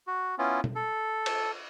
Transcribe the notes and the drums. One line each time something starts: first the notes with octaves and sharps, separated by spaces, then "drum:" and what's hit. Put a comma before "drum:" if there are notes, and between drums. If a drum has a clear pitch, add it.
F#4
B3 C#4 E4 F4
drum: tom
A4
drum: cymbal